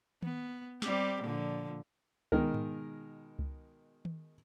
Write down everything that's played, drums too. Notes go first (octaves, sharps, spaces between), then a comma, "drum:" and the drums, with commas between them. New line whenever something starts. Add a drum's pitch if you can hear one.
B3, drum: tom D#3
G3 C4 G4, drum: snare
A#2 D3 F3
B2 D#3 G#3 A#4, drum: kick C#2
drum: tom G#2
drum: kick C#2
drum: tom D#3